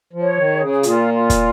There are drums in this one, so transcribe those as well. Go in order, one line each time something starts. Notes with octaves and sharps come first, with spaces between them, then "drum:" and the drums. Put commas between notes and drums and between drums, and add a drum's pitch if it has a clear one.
F3
C#5
D#3
G#4
C#3
A#2 F4, drum: hi-hat
F4
drum: kick, hi-hat